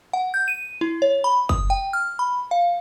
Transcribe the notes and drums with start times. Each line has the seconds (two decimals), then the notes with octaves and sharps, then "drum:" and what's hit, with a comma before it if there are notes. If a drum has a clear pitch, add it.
0.13 F#5
0.34 G6
0.48 D#7
0.81 E4
1.02 C#5
1.24 B5
1.49 D#6, drum: kick
1.70 G5
1.93 F6
2.19 B5
2.51 F5